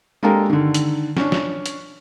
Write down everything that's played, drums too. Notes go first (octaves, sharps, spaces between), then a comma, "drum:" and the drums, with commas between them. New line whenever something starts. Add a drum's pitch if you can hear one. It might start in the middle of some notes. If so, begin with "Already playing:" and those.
G#3 A#3 D4 G4 A4 A#4
D3 D#3
drum: hi-hat
C#4 D4, drum: snare
drum: snare
drum: hi-hat